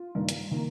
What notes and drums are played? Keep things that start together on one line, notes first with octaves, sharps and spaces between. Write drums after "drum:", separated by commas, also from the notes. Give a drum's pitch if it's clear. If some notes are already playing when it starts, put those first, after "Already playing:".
Already playing: F4
G2 D#3 A#3
drum: hi-hat
D#3 A#3